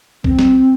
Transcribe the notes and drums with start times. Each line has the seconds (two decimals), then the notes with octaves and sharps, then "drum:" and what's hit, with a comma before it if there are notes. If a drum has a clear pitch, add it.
0.24 C4, drum: kick
0.39 drum: snare